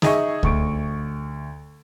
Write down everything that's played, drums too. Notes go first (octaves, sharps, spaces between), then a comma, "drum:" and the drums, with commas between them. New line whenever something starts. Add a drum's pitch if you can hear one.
D#4 G#4 D#5 E5 C#6, drum: snare
D2 C#6 D7, drum: kick C#2